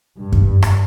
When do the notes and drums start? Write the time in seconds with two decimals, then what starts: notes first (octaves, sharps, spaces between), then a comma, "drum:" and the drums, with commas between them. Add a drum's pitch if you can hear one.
0.17 G2
0.32 drum: kick F#2
0.63 drum: rim click